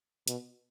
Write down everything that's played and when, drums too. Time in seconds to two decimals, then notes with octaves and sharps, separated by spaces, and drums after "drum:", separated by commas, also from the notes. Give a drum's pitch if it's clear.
0.28 B2, drum: hi-hat